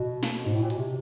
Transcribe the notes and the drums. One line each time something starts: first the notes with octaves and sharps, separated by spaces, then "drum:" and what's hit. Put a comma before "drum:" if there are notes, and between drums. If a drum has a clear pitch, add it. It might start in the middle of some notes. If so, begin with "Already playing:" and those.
Already playing: B2
drum: snare
G#2
A2
A#2
B2, drum: hi-hat
C3